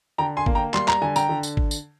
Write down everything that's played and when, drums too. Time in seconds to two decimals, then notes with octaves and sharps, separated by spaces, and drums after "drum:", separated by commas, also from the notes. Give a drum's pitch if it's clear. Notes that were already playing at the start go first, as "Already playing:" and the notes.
0.18 D3 G5 A#5
0.37 G#5 C6
0.46 A#3, drum: kick G#1
0.55 G5 A#5
0.74 G3 C6, drum: clap
0.88 A#5, drum: clap
1.02 D3 G#5
1.16 G5 A#5, drum: tambourine
1.29 D3
1.43 drum: tambourine
1.57 drum: kick G#1
1.71 drum: tambourine